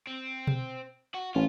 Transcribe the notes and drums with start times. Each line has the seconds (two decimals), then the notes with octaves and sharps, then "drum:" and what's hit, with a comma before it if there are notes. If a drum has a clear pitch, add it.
0.07 C4
0.47 drum: tom B2
1.14 F#4
1.35 A1 F4